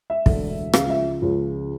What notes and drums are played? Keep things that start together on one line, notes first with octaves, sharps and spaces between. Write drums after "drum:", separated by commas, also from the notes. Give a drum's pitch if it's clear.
E5
E1 D2 D3, drum: kick
C#2 C#3 F3 F5, drum: rim click
E5
C#2 C#3 F3